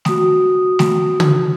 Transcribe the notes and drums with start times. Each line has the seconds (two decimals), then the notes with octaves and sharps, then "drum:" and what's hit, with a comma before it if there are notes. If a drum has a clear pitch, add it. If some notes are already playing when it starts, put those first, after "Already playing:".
0.05 F#4 D#6, drum: snare A3
0.79 drum: snare A3
1.20 drum: tom